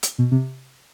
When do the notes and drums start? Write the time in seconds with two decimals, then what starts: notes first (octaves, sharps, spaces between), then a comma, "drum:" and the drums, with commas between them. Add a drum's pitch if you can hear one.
0.03 drum: hi-hat
0.18 B2
0.31 C3